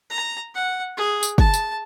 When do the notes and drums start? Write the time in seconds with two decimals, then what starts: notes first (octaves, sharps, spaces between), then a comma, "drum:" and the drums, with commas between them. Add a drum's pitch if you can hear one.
0.11 A#5
0.55 F#5
0.97 G#4
1.23 drum: tambourine
1.38 A5, drum: kick
1.54 drum: tambourine